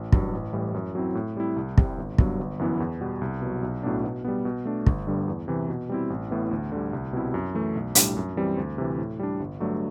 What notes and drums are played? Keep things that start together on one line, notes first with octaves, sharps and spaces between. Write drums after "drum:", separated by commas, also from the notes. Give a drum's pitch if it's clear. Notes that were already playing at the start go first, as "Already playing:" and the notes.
Already playing: A1
G2 F#3, drum: kick
A1
A2 E3 G3
F#2
F#3 C4 E4
A2
G3 C4 E4
C2
C3 G3 C4, drum: kick
G1
G2 F#3 B3, drum: kick
G1
F#2 E3 B3 E4
E2
B2 G3 B3
C2
B2 F#3
B1
A2 F#3 B3 D4
B2
G3 B3
B2
A3 D4
G1, drum: kick
G2 D3 G3
E2
C3 E3
B2
G3 C4 E4
A1
A2 E3 B3
D2
D3 G3
C2
B2 G3 C4 E4
F#2
E3 A3
B1
A2 G3 D4, drum: hi-hat
F#2
E3 G3 C4
D2
C3 E3
A2
G3 D4
G1
G2 F#3 A3 D4